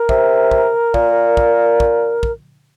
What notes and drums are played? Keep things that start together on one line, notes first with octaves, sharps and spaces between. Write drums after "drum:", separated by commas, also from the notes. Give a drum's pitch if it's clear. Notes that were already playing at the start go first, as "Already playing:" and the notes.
Already playing: A#4
C3, drum: kick
drum: kick
A#2, drum: kick
drum: kick
drum: kick
drum: kick